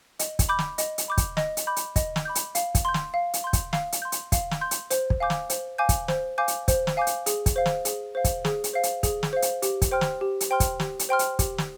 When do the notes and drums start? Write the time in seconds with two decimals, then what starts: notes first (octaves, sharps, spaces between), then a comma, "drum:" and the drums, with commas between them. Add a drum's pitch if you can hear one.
0.19 D#5, drum: hi-hat
0.39 drum: kick, hi-hat
0.49 B5 D6 G6
0.59 drum: snare
0.78 D#5, drum: hi-hat
0.98 drum: hi-hat
1.08 B5 D6 G6
1.18 drum: kick, hi-hat
1.37 D#5, drum: snare
1.57 drum: hi-hat
1.67 B5 D6 G6
1.76 drum: hi-hat
1.96 D#5, drum: kick, hi-hat
2.16 drum: snare
2.25 B5 D6 G6
2.35 drum: hi-hat
2.55 F5, drum: hi-hat
2.75 drum: kick, hi-hat
2.85 C6 G6
2.94 drum: snare
3.14 F5
3.34 drum: hi-hat
3.44 C6 G6
3.53 drum: kick, hi-hat
3.73 F5, drum: snare
3.92 drum: hi-hat
4.02 C6 G6
4.12 drum: hi-hat
4.32 F5, drum: kick, hi-hat
4.51 drum: snare
4.61 C6 G6
4.71 drum: hi-hat
4.90 C5, drum: hi-hat
5.10 drum: kick
5.20 F5 G#5 D6 G6
5.30 drum: snare
5.50 C5, drum: hi-hat
5.78 F5 G#5 D6 G6
5.89 drum: kick, hi-hat
6.08 C5, drum: snare
6.38 F5 G#5 D6 G6
6.48 drum: hi-hat
6.68 C5, drum: kick, hi-hat
6.87 drum: snare
6.97 F5 G#5 D6 G6
7.07 drum: hi-hat
7.26 G#4, drum: hi-hat
7.46 drum: kick, hi-hat
7.56 C5 F5
7.66 drum: snare
7.85 G#4, drum: hi-hat
8.15 C5 F5
8.24 drum: kick, hi-hat
8.45 G#4, drum: snare
8.64 drum: hi-hat
8.73 C5 F5
8.83 drum: hi-hat
9.03 G#4, drum: kick, hi-hat
9.23 drum: snare
9.33 C5 F5
9.42 drum: hi-hat
9.62 G4, drum: hi-hat
9.82 drum: kick, hi-hat
9.91 C5 G5 C6 F6
10.01 drum: snare
10.21 G4
10.40 drum: hi-hat
10.50 C5 G5 C6 F6
10.60 drum: kick, hi-hat
10.80 G4, drum: snare
10.99 drum: hi-hat
11.09 C5 G5 C6 F6
11.19 drum: hi-hat
11.39 G4, drum: kick, hi-hat
11.58 drum: snare